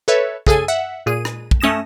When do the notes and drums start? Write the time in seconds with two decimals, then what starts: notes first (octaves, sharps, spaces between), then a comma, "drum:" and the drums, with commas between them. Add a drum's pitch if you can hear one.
0.08 A4 B4 C#5 E5
0.46 C#3 G#4 A4 G#5 D#7, drum: kick
0.68 E5 F#5
1.06 A#2 G#4 D#7
1.25 drum: rim click
1.51 drum: kick
1.61 A3 C#4 D#6 A#6 E7